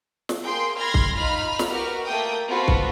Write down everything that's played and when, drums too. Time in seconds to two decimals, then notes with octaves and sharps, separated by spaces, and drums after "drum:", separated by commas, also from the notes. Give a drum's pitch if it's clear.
0.29 drum: snare
0.43 A#3 G#4 G5 C6
0.78 B5 C6 F6 G#6 A#6
0.94 drum: kick
1.16 D#4 F4 B5 F6
1.59 drum: snare
1.69 F#4 G4 A#4 B4 F6
2.05 A3 A#3 G5 D#6
2.48 B3 C4 F4 F#4 A4 B4
2.68 drum: kick